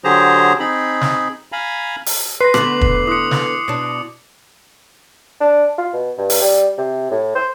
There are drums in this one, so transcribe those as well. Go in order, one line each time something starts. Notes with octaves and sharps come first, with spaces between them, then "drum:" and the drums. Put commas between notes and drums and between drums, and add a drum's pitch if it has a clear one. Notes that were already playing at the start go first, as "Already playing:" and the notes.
D3 F#3 G4 G#4 C5 A#5
C4 D#4 G#4 B5
drum: snare
F5 G#5 A#5 B5
drum: open hi-hat
B4 C6 A#6 C7
D3 A3 B3 D6 F#7, drum: rim click
drum: kick
E4 C6 D#6 F#6 C#7
drum: snare
B2 D4
D4
F4
B2
G2
drum: open hi-hat
G3
C3
A2
C5